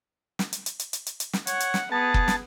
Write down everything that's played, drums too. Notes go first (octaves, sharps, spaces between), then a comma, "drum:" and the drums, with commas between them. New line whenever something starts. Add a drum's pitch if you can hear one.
drum: snare
drum: hi-hat
drum: hi-hat
drum: hi-hat
drum: hi-hat
drum: hi-hat
drum: hi-hat
drum: snare
C#5 F#5, drum: hi-hat
drum: hi-hat
drum: snare
B3 G#4 A5
drum: kick F#1
drum: snare